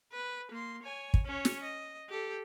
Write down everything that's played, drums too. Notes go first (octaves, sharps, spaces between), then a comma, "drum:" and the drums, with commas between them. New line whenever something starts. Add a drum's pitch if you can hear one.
B4
A#3 C6
C#5 G#5
drum: kick
C#4 C#5
drum: snare
D#5
G4 A4